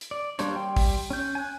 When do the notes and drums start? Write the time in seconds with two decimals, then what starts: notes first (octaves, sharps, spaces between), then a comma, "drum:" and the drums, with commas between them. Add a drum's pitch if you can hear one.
0.01 drum: hi-hat
0.11 D5
0.39 G3 A#3 D4 C5 C#5, drum: hi-hat
0.56 G3 G5 C6
0.76 drum: kick, open hi-hat
1.10 C#4 G6
1.35 G#5 F#6